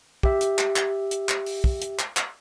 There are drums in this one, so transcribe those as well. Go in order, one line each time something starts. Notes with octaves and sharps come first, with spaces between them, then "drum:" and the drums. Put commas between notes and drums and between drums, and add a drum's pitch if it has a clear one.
G4 E5, drum: kick
drum: hi-hat
drum: clap
drum: clap
drum: hi-hat
drum: clap
drum: open hi-hat
drum: kick
drum: hi-hat
drum: clap
drum: clap